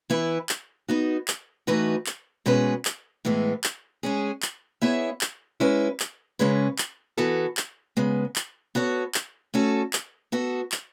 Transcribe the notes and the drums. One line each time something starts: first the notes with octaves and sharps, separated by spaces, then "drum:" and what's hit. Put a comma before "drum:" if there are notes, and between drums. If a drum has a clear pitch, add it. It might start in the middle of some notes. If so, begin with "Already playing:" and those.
E3 B3 E4 B4
drum: clap
B3 D#4 F#4
drum: clap
E3 A3 D#4 F#4 B4
drum: clap
B2 G#3 C#4 G#4 B4
drum: clap
A2 E3 G#3 B3
drum: clap
G#3 C#4 G#4
drum: clap
B3 E4 G#4 C#5 E5
drum: clap
G#3 C#4 E4 B4
drum: clap
C#3 G#3 C#4 G#4 B4
drum: clap
E3 B3 F#4 A4
drum: clap
C#3 G#3 B3
drum: clap
B3 F#4 A4 C#5
drum: clap
A3 C#4 F#4 A4
drum: clap
B3 F#4 A4
drum: clap